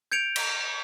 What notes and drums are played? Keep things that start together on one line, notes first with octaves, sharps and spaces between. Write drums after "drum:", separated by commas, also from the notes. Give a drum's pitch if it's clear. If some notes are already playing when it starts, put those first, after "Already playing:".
G6 G#6 C#7 D7 F7
drum: cymbal